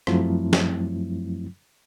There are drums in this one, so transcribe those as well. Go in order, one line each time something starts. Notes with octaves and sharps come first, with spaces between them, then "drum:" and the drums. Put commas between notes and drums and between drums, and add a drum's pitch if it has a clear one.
F#2 F3 F#3 A3 C4 E4, drum: rim click
drum: snare